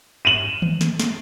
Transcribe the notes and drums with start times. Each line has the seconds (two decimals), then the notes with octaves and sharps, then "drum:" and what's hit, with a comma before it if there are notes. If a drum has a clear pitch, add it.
0.25 D#7 E7 F#7
0.62 drum: tom D#3
0.81 drum: snare
1.00 drum: snare